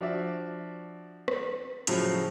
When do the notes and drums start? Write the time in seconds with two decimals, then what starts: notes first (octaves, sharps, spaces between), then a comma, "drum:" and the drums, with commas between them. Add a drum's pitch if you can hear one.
0.01 F3 D4 F#4 D5 E5
1.28 drum: rim click
1.87 A2 C#3 F3 F#3, drum: hi-hat